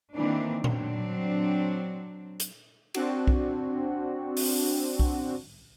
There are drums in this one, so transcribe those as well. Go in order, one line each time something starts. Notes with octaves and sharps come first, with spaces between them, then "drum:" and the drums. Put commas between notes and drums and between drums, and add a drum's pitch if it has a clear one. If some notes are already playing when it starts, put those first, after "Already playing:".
D#3 E3 A#3 C4 D4
F#3 C4 D4, drum: tom A#2
drum: hi-hat
C4 D4 F#4, drum: cymbal
drum: kick B1
drum: open hi-hat
drum: kick B1